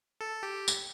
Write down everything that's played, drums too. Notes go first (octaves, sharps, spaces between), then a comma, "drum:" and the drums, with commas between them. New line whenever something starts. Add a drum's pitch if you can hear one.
A4
G4
drum: tambourine